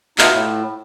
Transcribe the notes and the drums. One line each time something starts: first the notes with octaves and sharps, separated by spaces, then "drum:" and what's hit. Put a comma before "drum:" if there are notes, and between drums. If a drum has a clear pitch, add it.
B2 B3 D#4 F4 E5, drum: clap
A2